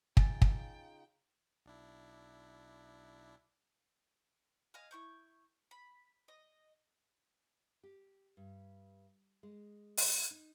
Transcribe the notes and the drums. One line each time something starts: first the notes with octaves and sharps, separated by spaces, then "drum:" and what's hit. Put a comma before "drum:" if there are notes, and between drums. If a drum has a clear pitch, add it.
C#3 D#4 F4 G5 G#5 A6, drum: kick
drum: kick
B1 D4 E4
D#5 F5 G#5 F6
E4 C#6 G6
B5
D#5
G4
G2
G#3
drum: open hi-hat
D#4